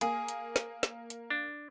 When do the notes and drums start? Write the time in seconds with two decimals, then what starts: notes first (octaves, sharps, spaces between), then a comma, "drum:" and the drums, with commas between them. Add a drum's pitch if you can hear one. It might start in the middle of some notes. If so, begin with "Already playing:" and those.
0.01 A#3 G#4, drum: hi-hat
0.28 drum: hi-hat
0.56 drum: snare
0.83 drum: snare
1.10 drum: hi-hat
1.30 D4